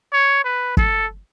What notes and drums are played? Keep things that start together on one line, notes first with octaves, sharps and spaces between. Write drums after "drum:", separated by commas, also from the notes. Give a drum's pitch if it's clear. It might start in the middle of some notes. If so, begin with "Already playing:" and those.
C#5
B4
A4, drum: kick